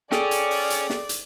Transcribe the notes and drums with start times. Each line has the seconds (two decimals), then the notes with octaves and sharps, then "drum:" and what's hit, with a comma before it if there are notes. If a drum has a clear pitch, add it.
0.12 C#4 G#4 A4 D5 G5, drum: snare
0.31 drum: hi-hat
0.51 drum: open hi-hat
0.70 drum: hi-hat
0.90 drum: snare
1.09 drum: hi-hat